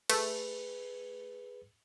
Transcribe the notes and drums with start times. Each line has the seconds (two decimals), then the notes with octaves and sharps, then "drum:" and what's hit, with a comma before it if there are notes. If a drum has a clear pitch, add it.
0.09 A3 G#4 B4, drum: cymbal